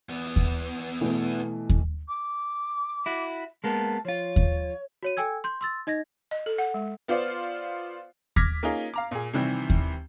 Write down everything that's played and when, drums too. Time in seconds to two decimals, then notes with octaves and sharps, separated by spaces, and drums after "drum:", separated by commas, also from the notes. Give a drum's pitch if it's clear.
0.09 E2 B3
0.36 drum: kick D#2
1.01 B2 E3 A3
1.69 drum: kick D#2
2.08 D6
3.06 E4 F#4
3.64 G#3 A#3 B3 A5
4.05 F3 F4 C#5
4.36 drum: kick D#2
5.03 F#4 C#5 D#7
5.17 A4 G5 G#5 E6 G#6
5.44 C6 G6
5.61 C6 E6 A6
5.87 D#4 D#5 G#6 A#6
6.31 D#5
6.46 A4
6.58 F#5
6.74 G#3
7.08 B3 F4 C5 D5 F5
8.36 D6 F6 G#6 A#6 B6, drum: kick D#2
8.63 A#3 C#4 D#4 F4 G#4
8.94 F5 A#5 D6
9.11 A#2 G#4
9.33 C3 D#3 E3 G3 C4
9.70 drum: kick D#2